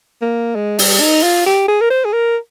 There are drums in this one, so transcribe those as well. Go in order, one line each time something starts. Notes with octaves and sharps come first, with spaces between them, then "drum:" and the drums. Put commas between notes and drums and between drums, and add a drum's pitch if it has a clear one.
A#3
G#3
G3, drum: open hi-hat
D#4
F4
G4
G#4
A#4
C5
G#4
A#4